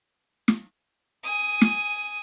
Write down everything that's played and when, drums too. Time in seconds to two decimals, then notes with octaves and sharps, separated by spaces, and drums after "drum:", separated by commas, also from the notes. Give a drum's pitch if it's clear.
0.48 drum: snare
1.24 G#5 D#6
1.61 drum: snare